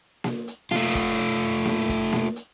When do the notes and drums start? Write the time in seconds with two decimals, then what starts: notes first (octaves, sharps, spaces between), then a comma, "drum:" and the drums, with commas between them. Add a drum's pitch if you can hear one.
0.24 drum: snare A#3
0.48 drum: hi-hat
0.71 A3 F4, drum: snare A#3
0.95 drum: kick, hi-hat
1.18 drum: hi-hat
1.42 drum: hi-hat
1.65 drum: snare A#3
1.89 drum: kick, hi-hat
2.13 drum: snare A#3
2.36 drum: hi-hat